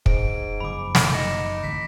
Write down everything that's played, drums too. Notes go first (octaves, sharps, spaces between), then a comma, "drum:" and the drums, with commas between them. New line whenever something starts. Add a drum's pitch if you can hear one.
G#2 D7, drum: kick
F#1 F2 B5 D6
drum: snare
D#4 A#6 C#7 E7
A1 D3 E3 B6